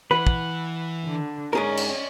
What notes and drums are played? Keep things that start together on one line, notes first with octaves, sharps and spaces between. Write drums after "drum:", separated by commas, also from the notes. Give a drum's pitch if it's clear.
E3 B4 F#5 B5
drum: kick
D3
G#2 C#4 G#4 A#4 D5 D#5
drum: cymbal